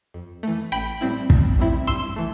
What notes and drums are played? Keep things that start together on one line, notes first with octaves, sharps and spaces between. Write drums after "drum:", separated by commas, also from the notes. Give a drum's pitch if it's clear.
F2
E3 A3
A1 G5 B5
A2 G3 C4 E4
A1, drum: kick
A2 G3 C4 E4
G2 C6 E6
E3 A3